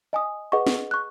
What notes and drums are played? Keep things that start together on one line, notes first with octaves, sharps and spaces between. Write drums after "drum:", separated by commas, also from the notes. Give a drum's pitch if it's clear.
D#5 G#5 D#6
G#4 B4 D#5 F#5 C#6
drum: snare
C#6 F#6